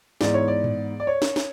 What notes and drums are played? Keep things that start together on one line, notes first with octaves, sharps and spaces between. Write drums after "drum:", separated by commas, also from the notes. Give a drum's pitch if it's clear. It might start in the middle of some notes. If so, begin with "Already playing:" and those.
G#2 E3 B3 D5, drum: snare
C#5
D5
drum: tom A2
D5
C#5
drum: snare
drum: snare